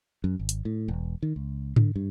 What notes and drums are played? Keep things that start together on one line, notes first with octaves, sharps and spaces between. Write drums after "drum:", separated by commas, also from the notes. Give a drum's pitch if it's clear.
F#2
G#1
drum: hi-hat
A2
E1
D#3
C#2
D3, drum: tom G#2
G2